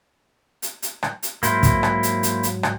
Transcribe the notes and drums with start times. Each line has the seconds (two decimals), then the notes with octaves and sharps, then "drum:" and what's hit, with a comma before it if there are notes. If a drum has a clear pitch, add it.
0.62 drum: hi-hat
0.82 drum: hi-hat
1.03 drum: rim click
1.23 drum: hi-hat
1.43 G#2 F#3 A#3 E4 C5, drum: hi-hat
1.63 drum: kick, hi-hat
1.83 drum: rim click
2.03 drum: hi-hat
2.23 drum: hi-hat
2.43 drum: hi-hat
2.63 drum: rim click